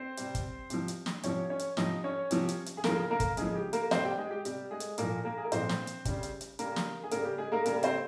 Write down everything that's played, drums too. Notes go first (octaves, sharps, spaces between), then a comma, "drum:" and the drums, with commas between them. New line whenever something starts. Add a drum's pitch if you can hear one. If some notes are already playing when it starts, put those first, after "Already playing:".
Already playing: C4 C5
C3 G3, drum: hi-hat
drum: kick, hi-hat
C3 F3, drum: hi-hat
drum: hi-hat
drum: snare
C3 F3 C#4 C#5, drum: hi-hat
C#4 C#5
drum: hi-hat
C3 F3 D#4 D#5, drum: snare
C#4 C#5
C3 F3, drum: hi-hat
drum: hi-hat
drum: hi-hat
G#4
C#3 F3 A#3 A#4, drum: snare
A#3 A#4
drum: kick, hi-hat
C#3 F3 G#3 G#4, drum: hi-hat
G4
A#3 A#4, drum: hi-hat
C3 G3 C4 C5, drum: snare
G4 G5
G#3 G#4
G4
C3 G3 G4, drum: hi-hat
G#3 G#4
drum: hi-hat
A#2 F3 A#3 A#4, drum: hi-hat
A#3 A#4
G#4
A#4
A#2 F3 C4 C5, drum: hi-hat
drum: snare
drum: hi-hat
C#3 G3, drum: kick, hi-hat
drum: hi-hat
drum: hi-hat
C#3 G3 A#3 A#4, drum: hi-hat
drum: snare
G#4
C#3 G3 A#3 A#4, drum: hi-hat
G4
G#3 G#4
A#3 A#4
C#3 G3 A#3 A#4, drum: hi-hat
C4 C5, drum: hi-hat